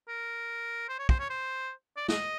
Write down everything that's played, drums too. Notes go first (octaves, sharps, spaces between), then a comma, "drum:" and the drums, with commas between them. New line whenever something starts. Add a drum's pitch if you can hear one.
A#4
C5
C#5
C5, drum: kick
C#5
C5
D5
D#5, drum: snare